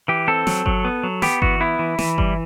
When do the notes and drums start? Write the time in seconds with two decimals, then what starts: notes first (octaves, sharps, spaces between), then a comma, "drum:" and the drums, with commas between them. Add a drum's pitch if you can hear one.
0.08 E3 G4
0.28 C4 A4
0.47 F#3, drum: snare
0.66 F#3, drum: kick G1
0.85 B3
1.03 F#3
1.22 B3 G4, drum: snare
1.42 E3 F#4, drum: kick G1
1.61 B3 E4
1.79 E3
1.99 E3, drum: snare
2.18 G3, drum: kick G1